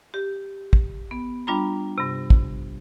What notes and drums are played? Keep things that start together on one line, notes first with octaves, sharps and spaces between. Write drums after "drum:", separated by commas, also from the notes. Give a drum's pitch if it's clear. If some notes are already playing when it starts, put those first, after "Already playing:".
G4
drum: kick
B3
G3 D4 F4 A#5 B5
G2 C3
drum: kick